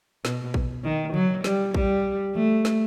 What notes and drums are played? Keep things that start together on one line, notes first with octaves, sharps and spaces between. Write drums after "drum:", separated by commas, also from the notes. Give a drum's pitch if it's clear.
B2, drum: snare
drum: kick A1
D#3
F#3, drum: tom C#3
G3, drum: snare
G3, drum: kick A1
A3, drum: tom E3
drum: snare